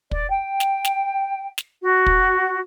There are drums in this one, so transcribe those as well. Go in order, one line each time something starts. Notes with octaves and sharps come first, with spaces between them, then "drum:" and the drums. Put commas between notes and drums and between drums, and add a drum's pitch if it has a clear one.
D5, drum: kick
G5
drum: snare
drum: snare
drum: snare
F#4
drum: kick